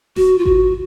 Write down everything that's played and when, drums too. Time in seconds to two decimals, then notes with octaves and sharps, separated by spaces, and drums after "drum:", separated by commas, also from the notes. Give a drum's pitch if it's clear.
0.16 F#4, drum: snare D#1
0.38 F4
0.45 F#4, drum: kick G#1